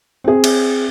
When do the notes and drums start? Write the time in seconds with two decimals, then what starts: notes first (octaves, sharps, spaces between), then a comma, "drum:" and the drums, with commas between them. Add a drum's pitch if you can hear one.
0.24 C4 G#4
0.44 drum: cymbal